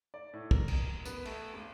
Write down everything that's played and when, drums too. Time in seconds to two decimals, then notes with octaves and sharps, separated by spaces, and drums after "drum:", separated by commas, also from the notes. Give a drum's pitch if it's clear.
0.14 D5
0.33 A2
0.51 A#4, drum: kick
0.68 drum: cymbal
1.05 B3, drum: tambourine
1.25 A3, drum: cymbal
1.54 G#1